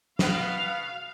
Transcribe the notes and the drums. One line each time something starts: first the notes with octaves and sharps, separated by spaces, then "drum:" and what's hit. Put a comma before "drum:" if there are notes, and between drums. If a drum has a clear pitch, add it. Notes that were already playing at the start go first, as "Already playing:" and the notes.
B2 B3 F5, drum: snare